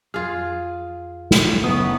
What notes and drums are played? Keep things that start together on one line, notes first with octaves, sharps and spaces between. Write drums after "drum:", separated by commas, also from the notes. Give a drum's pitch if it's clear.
F2 F4 G#4 F6
drum: snare
F#1 B3 C#5 D#6